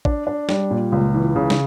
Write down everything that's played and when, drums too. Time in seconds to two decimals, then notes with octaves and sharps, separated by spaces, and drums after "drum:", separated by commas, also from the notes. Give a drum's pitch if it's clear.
0.05 D4, drum: kick
0.27 D4
0.49 G3, drum: snare
0.71 A#2
0.92 C#2
1.14 E3
1.36 C#3
1.50 drum: snare